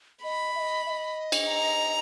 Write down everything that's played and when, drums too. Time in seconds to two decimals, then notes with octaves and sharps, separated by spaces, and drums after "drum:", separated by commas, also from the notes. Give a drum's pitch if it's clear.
0.23 D#5 B5
0.55 E5
0.60 D#5
0.86 E5
0.90 D#5
1.32 drum: cymbal
1.49 A#5